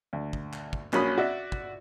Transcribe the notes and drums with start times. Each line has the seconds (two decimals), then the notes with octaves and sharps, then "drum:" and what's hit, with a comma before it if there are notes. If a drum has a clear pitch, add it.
0.13 D2
0.33 drum: kick
0.53 drum: clap
0.73 drum: kick
0.93 A#1 F#3 C#4 B5 D#6, drum: clap
1.18 F#4 D5 E5
1.52 drum: kick